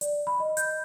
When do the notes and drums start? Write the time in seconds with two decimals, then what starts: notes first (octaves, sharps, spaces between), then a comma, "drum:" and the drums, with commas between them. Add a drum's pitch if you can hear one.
0.01 D5, drum: hi-hat
0.27 B5
0.40 D#5
0.57 G6, drum: hi-hat